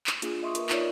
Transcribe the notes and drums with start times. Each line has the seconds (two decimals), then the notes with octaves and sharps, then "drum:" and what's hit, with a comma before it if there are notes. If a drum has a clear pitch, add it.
0.07 drum: clap
0.22 A#3 D4 F4 G#4, drum: hi-hat
0.43 D#5 E5 C6 C#6 D#6
0.55 A#4 B4, drum: hi-hat
0.69 D#4 F4 A#4 B4 C#5 D5, drum: clap